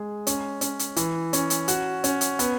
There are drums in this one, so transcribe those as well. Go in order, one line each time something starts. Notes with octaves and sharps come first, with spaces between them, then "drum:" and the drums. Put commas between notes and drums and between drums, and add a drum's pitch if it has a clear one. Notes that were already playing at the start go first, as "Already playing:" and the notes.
Already playing: G#3 G#4
C#4, drum: hi-hat
C#4, drum: hi-hat
drum: hi-hat
E3, drum: hi-hat
C#4, drum: hi-hat
drum: hi-hat
F#4, drum: hi-hat
C#4, drum: hi-hat
drum: hi-hat
B3, drum: hi-hat